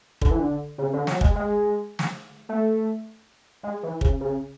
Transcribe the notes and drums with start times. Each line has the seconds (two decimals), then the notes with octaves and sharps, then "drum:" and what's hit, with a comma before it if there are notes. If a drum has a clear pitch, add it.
0.21 D3, drum: kick
0.31 E3
0.39 D3
0.78 C#3
0.93 D3
1.07 F#3, drum: snare
1.21 G#3, drum: kick
1.36 G#3
1.99 drum: snare
2.49 A3
3.63 G#3
3.83 E3
4.01 C#3, drum: kick
4.20 C#3